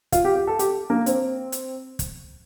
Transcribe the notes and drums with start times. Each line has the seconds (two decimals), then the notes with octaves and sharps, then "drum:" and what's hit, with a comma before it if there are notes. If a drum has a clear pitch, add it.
0.12 F4, drum: kick, hi-hat
0.25 G4
0.35 G4
0.47 A4
0.59 G4, drum: hi-hat
0.90 A#3
1.06 C4, drum: hi-hat
1.52 drum: hi-hat
1.99 drum: kick, hi-hat